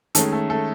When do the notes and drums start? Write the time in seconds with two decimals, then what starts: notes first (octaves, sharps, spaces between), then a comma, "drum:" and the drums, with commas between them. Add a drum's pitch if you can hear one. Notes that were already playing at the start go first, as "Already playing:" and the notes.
0.15 D#3 G#3 A3 C#4 A4, drum: hi-hat
0.32 A3 A4
0.50 A3 A4